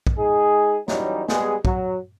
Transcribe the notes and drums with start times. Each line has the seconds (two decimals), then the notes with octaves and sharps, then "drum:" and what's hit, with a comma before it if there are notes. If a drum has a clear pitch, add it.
0.07 drum: kick
0.19 G#3 D#4 G#4
0.88 E3 F#3 G3 C#4 D#4, drum: snare
1.28 G3 G#3 B3 G#4, drum: snare
1.65 F#3, drum: kick